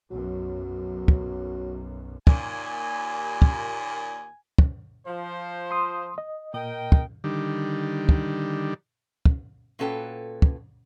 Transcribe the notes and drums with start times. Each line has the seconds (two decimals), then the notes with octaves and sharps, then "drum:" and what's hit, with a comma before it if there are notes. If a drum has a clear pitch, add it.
0.11 B1 F#2 F#3
1.08 drum: kick
2.27 D#2 A#2 G#5, drum: kick
3.42 drum: kick
4.58 drum: kick
5.07 F3 C5
5.71 C6 D#6
6.18 D#5
6.54 A#2 A#4 D#5 G5
6.92 drum: kick
7.24 D3 D#3 G3
8.09 drum: kick
9.26 drum: kick
9.79 A#2 C#4 F#4 A4 B4 G5
10.42 drum: kick